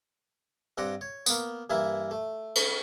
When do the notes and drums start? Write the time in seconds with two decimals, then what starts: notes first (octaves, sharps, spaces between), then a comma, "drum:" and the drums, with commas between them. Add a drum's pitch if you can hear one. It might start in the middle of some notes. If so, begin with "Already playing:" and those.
0.78 G2 C4 D5 F#5 A#5
1.01 C#5
1.26 A#3 B3, drum: tambourine
1.70 G2 E3 A#3 E4 E5
2.11 A3
2.55 drum: cymbal